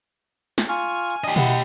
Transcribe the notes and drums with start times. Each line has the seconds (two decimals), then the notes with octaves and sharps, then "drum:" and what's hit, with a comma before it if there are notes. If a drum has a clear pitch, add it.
0.58 drum: snare
0.69 F4 G#5 C#6 F6
1.10 drum: hi-hat
1.24 D4 G4 D#5
1.36 E4 F#5, drum: tom B2